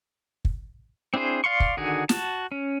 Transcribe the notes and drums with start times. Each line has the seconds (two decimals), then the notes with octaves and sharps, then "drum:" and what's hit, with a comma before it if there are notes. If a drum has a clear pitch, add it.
0.45 drum: kick
1.14 C4 D4 E4 G#4 C5
1.44 D5 F5 C6 C#6
1.60 drum: kick
1.77 D3 D#3 F#4 G#4
2.09 F#4 A5, drum: snare
2.52 C#4